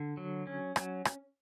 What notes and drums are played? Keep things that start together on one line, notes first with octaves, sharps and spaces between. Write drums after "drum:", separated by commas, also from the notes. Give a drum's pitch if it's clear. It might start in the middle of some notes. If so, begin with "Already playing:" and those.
Already playing: D3
F#3
C#4
F#3, drum: rim click
drum: rim click